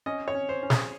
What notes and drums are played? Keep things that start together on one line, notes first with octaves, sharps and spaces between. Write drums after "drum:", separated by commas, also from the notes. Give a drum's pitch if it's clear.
C#4 D#5
C#5
C#4
C5
C#4
G#4, drum: snare